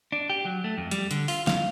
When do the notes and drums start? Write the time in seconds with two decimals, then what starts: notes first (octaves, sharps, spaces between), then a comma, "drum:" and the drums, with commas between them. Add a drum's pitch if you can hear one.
0.12 D4
0.30 G4
0.45 F#3
0.64 A3
0.78 F2
0.91 G3, drum: hi-hat
1.11 D3, drum: hi-hat
1.28 F4, drum: open hi-hat
1.47 F5, drum: snare